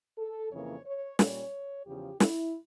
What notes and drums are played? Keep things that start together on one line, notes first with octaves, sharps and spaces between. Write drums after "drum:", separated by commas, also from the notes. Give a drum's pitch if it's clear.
A4
F2 C#3 E3 A#3 C#5
C#5
A#2 G3 C#4 C#5, drum: snare
E2 C#3 F3 G4
E4, drum: snare